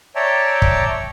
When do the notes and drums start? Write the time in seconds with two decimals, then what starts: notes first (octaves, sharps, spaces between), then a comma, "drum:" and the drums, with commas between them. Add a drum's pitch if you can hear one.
0.16 C#5 D5 E5 G5 A5 A#5
0.62 drum: kick